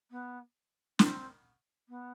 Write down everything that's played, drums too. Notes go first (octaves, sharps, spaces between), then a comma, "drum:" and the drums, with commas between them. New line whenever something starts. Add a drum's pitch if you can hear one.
B3
C4, drum: snare
B3